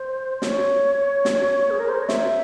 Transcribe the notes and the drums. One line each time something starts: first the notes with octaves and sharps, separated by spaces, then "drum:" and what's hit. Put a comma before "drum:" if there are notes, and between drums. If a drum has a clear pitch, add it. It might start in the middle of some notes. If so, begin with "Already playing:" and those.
Already playing: C5
C#5, drum: snare
drum: snare
G#4
A#4
C5
C#5
E5, drum: snare